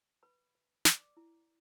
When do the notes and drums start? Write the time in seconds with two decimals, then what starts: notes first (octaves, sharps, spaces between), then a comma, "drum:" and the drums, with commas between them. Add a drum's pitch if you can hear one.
0.23 B4 B5
0.55 B4
0.85 B4 D5 D6, drum: snare
1.17 E4